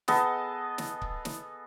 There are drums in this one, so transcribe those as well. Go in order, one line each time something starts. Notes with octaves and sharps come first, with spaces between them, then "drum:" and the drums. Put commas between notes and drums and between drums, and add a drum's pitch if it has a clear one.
B3 G#4 A4 D#5, drum: snare
drum: snare
drum: kick C#1
drum: snare